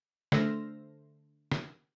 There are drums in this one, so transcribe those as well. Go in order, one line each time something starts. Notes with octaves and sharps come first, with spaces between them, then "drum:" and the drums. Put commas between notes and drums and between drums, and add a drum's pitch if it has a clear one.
D3 A3 C5 E6 F6 A#6, drum: snare
drum: snare